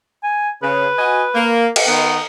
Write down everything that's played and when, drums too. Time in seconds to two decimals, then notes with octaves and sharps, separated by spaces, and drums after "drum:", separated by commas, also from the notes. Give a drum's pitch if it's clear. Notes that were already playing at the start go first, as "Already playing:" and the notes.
0.23 G#5
0.63 C#3 B4
0.98 F#4 D#5 G#5
1.35 A#3
1.76 drum: cymbal
1.87 D#3 B3 D#4